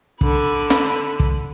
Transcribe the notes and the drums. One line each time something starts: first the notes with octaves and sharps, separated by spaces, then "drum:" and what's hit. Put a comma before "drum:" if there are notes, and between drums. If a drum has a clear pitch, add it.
D3 B5, drum: kick
drum: snare
drum: kick